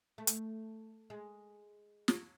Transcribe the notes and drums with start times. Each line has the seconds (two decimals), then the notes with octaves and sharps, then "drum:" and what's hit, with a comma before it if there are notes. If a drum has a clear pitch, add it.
0.18 A3
0.27 drum: hi-hat
1.10 G#3
2.08 drum: snare